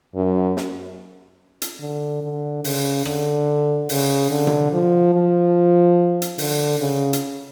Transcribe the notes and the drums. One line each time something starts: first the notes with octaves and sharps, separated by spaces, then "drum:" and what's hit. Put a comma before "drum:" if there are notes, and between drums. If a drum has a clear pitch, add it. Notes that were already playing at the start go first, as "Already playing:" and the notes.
F#2
drum: snare
drum: hi-hat
D3
D3
C#3, drum: open hi-hat
D3, drum: rim click
C#3, drum: open hi-hat
D3
drum: tom C3
F3
F3
drum: hi-hat
D3, drum: open hi-hat
C#3
drum: hi-hat